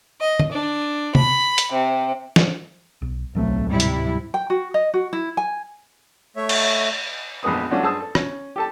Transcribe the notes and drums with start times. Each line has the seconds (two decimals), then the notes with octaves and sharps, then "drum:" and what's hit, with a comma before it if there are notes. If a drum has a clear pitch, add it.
0.21 D#5
0.39 drum: tom
0.52 D4
1.15 B5, drum: tom
1.58 drum: hi-hat
1.71 C3
2.36 drum: snare
3.02 B1
3.35 D1 B1 F#3 A3 C4
3.69 G#2 C3 G3 E4
3.80 drum: hi-hat
4.34 G5
4.50 F#4
4.74 D#5
4.94 F#4
5.13 E4
5.37 G#5
6.36 A3 C#5 E5
6.49 drum: cymbal
7.43 A#1 F2 G#3 B3 D#6
7.70 F#3 A3 C#4 D4 F4 F#4
7.83 G2 G#4 C5 A5 D#6 E6
8.00 A4
8.15 C#4, drum: rim click
8.56 G4 A4 A5